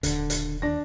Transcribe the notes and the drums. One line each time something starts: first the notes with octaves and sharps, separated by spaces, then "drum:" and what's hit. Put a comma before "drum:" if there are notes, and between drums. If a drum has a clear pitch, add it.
D#1 D#2 D3, drum: hi-hat
drum: hi-hat
D#2 D4 A#6